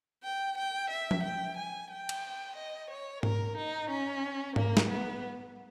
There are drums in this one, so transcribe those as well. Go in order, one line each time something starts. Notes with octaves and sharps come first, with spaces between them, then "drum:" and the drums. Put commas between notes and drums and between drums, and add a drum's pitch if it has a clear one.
G5
G5
E5
drum: tom F3
G5
G#5
G5
drum: cymbal
D#5
C#5
A#4, drum: tom G#2
D#4
C#4
A#3, drum: tom G#2
drum: snare
B3